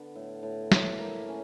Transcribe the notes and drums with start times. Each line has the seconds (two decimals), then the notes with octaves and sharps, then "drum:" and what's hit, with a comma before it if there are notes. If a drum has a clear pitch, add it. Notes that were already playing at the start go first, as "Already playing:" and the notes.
Already playing: D3 B3
0.15 A2
0.43 A2
0.72 A2, drum: snare
0.99 A#3
1.28 C#4